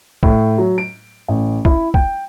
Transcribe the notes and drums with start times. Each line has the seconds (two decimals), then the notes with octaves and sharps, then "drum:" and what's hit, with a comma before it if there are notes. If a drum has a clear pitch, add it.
0.23 A2, drum: kick
0.58 F#3
0.78 D7
1.28 A1
1.65 E4, drum: kick
1.94 G5, drum: kick